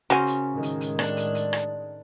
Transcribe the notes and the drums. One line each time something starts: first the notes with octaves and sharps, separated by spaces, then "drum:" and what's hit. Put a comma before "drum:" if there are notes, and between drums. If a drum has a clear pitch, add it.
C#3 C#4 F#4 A#4 C5 G#5
drum: hi-hat
A2 D#3 G#3
drum: hi-hat
drum: hi-hat
D4, drum: rim click
drum: hi-hat
drum: hi-hat
drum: rim click